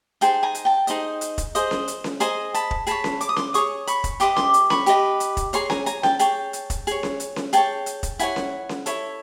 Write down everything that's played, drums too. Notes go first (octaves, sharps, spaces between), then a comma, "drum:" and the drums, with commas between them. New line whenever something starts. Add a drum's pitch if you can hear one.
D#4 G#4 C5 G5 A5, drum: hi-hat
G#5 A#5
drum: hi-hat
G5 A5
D#4 G#4 C5 D#5, drum: hi-hat
drum: hi-hat
drum: kick, hi-hat
G#4 C5 D#5, drum: hi-hat
drum: snare C#4
drum: hi-hat
drum: snare C#4
G#4 C5 D#5 G#5 A#5, drum: hi-hat
A5 B5, drum: hi-hat
drum: kick
G#4 C#5 A5 B5, drum: hi-hat
drum: snare C#4
D6, drum: hi-hat
D#6
C6 D6, drum: snare C#4
G#4 C#5 C#6 D#6, drum: hi-hat
B5 C#6, drum: hi-hat
drum: kick, hi-hat
G4 B4 D#5 C6 D6, drum: hi-hat
C6 D6, drum: snare C#4
drum: hi-hat
B5 C#6, drum: snare C#4
G4 B4 D#5, drum: hi-hat
drum: hi-hat
drum: kick, hi-hat
G#4 C#5 A#5 C6, drum: hi-hat
G#5 A#5, drum: snare C#4
G#5 A#5, drum: hi-hat
G5 A5, drum: snare C#4
G#4 C#5 G5 A5, drum: hi-hat
drum: hi-hat
drum: kick, hi-hat
G#4 C#5, drum: hi-hat
drum: snare C#4
drum: hi-hat
drum: snare C#4
G#4 C#5 G5 A5, drum: hi-hat
drum: hi-hat
drum: kick, hi-hat
E4 A4 C#5 F#5 G#5, drum: hi-hat
drum: snare C#4
drum: snare C#4
E4 A4 C#5, drum: hi-hat